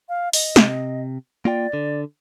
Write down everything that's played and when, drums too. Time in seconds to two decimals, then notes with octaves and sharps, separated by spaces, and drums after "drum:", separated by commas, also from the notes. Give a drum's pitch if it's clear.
0.09 F5
0.33 D#5, drum: open hi-hat
0.56 C3, drum: snare
1.45 A#3 F4 D5 G5
1.73 D3